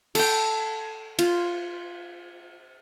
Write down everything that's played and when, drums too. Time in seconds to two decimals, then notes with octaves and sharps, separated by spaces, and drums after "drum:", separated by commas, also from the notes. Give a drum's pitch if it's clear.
0.15 A4 G5, drum: cymbal
1.19 F4, drum: cymbal